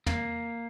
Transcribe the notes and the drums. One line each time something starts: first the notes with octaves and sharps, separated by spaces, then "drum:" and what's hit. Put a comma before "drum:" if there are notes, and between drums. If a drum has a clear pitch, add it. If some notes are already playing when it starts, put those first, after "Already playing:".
A#3, drum: tom